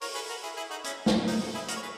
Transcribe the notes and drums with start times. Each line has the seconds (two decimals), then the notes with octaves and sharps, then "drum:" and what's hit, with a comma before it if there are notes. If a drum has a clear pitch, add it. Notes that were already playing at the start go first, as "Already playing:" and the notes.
0.01 A#4 C#5, drum: open hi-hat
0.14 G#4 B4
0.29 F#4 A#4
0.43 E4 G#4
0.56 E4 G#4
0.70 D#4 F#4
0.84 C#4 E4, drum: hi-hat
1.06 C#4, drum: snare
1.27 D#4, drum: open hi-hat
1.54 E4 G#4
1.68 F#4 A#4, drum: hi-hat
1.76 C#5
1.82 G#4 B4